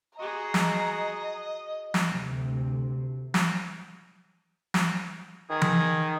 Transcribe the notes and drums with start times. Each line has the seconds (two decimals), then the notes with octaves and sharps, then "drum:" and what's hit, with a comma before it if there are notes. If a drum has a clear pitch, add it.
0.19 F#4 G#4 D#5 A#5
0.54 drum: snare
1.94 drum: snare
2.10 D2 C3
3.34 drum: snare
4.74 drum: snare
5.50 D#3 G#4
5.62 drum: tom E3